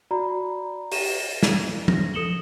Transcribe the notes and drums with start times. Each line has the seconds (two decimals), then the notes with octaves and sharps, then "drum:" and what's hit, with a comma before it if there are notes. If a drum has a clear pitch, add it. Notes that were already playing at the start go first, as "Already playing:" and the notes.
0.11 F#4 D5 A#5 B5
0.92 G4 D#7 E7, drum: open hi-hat
1.43 G#6, drum: snare
1.88 A#6, drum: tom
2.14 A4 D#6 C#7 E7 F#7 G7